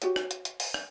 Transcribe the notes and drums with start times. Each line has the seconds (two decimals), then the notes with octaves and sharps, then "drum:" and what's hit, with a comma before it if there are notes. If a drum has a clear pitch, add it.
0.02 F#4 G4 C#5, drum: hi-hat
0.16 drum: rim click
0.31 drum: hi-hat
0.45 drum: hi-hat
0.60 drum: open hi-hat
0.74 drum: rim click